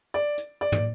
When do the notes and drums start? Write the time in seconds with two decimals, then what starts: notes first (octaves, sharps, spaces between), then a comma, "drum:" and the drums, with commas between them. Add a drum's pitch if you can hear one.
0.14 D5
0.38 drum: hi-hat
0.61 D5
0.72 drum: tom